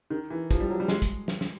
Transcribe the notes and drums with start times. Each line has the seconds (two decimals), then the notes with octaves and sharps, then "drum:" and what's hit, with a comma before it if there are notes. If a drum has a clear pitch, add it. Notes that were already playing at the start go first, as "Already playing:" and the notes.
0.10 D#3
0.30 E3
0.51 F3, drum: kick, hi-hat
0.60 G3
0.70 F#3
0.80 G3
0.88 G#3, drum: snare
1.02 drum: kick, hi-hat
1.28 drum: snare
1.41 drum: snare